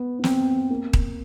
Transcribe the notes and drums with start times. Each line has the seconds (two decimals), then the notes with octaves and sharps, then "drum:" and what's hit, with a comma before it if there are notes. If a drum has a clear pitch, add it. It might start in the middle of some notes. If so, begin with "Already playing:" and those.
Already playing: B3
0.19 B3
0.24 C4, drum: snare
0.70 A#3
0.93 drum: kick D#1